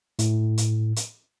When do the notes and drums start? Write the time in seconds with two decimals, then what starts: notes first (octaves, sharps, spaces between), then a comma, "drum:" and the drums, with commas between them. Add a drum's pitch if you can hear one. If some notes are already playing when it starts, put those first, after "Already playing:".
0.19 A2, drum: hi-hat
0.58 drum: hi-hat
0.96 drum: hi-hat